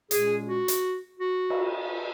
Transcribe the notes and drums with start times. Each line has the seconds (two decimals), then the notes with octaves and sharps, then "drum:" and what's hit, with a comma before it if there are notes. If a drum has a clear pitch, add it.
0.11 A#2 G#3 C#4 G#4, drum: hi-hat
0.46 F#4
0.68 drum: hi-hat
1.19 F#4
1.50 drum: cymbal